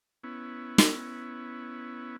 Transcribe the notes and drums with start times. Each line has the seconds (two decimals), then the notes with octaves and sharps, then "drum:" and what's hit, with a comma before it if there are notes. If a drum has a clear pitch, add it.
0.24 B3 C#4 E4
0.78 drum: snare